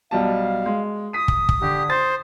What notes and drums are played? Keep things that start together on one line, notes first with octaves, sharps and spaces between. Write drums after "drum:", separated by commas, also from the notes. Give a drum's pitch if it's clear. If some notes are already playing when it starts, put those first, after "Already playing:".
B1 G3 F5 A5
G#3
D#6 B6 D#7
drum: kick
drum: kick
D3 G4
C5 A6